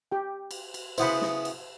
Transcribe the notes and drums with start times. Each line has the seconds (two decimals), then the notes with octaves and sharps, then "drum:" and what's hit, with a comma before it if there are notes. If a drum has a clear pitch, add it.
0.12 G4 G5
0.51 drum: cymbal
0.74 drum: cymbal
0.98 C#3 B3 E4 C5 F#5 B5, drum: cymbal
1.21 drum: snare
1.45 drum: cymbal